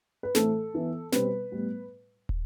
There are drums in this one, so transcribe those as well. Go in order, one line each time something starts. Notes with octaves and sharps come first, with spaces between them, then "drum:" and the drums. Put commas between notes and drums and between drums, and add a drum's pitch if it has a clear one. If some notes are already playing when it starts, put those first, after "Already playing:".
B4
A2 E3 A3 C4 A4, drum: snare
E3 B3
B2 G3 C4 B4, drum: snare
A2 G3 B3
drum: kick